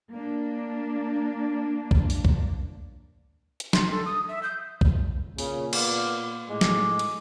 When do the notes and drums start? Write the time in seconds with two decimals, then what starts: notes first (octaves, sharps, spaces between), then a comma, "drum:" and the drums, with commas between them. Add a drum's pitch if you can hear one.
0.12 A#3 D4
1.91 drum: kick C#2
2.10 drum: open hi-hat
2.25 drum: kick C#2
3.60 drum: hi-hat
3.73 C6, drum: snare
3.91 A4
4.06 D#6
4.29 E5
4.43 G6
4.81 drum: kick C#2
5.38 A#2 C#3, drum: open hi-hat
5.73 B3 D5 F5, drum: cymbal
6.49 A2 G#3 D6
6.61 drum: snare
6.99 drum: cymbal